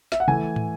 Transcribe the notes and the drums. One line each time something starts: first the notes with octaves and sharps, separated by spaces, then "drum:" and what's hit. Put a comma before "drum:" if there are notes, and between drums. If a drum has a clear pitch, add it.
E5, drum: snare
F#5
E3 A3 G#5
drum: tom